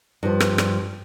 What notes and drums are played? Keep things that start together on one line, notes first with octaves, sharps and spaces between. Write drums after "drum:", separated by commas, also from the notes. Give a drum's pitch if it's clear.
G2 F3
drum: rim click
drum: rim click